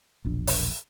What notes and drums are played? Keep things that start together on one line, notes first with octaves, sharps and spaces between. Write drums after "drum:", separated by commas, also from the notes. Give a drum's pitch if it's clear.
E1 A#1 D4
drum: open hi-hat